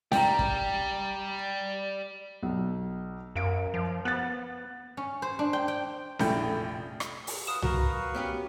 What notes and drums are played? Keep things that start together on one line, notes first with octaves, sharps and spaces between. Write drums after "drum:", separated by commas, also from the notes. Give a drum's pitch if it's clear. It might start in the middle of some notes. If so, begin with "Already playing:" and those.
G3 G5 A#5, drum: snare C#4
drum: kick
B1
F#2 A#4 F5 D7
F3
B3 F#6 A6
C#4
C5
D4
G5
G5
F1 A#1 A2 E4 G5 G6, drum: snare C#4
drum: rim click
drum: open hi-hat
F#4 B4 F5 D#6 E7
F#4 A#4 B4 F5 C#6, drum: tom C2
B3 C#4 G4